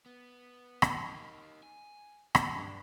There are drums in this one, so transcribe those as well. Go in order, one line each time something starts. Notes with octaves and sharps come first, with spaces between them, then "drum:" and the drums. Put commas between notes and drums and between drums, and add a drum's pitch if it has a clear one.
B3
drum: rim click
A#3 D#4
G#5
drum: rim click
G2 D4